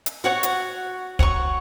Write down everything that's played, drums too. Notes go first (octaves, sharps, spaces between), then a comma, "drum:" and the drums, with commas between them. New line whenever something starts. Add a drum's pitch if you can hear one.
drum: hi-hat
F#4 C#5 F#5 C#6
drum: hi-hat
C#5 F#5 C#6, drum: kick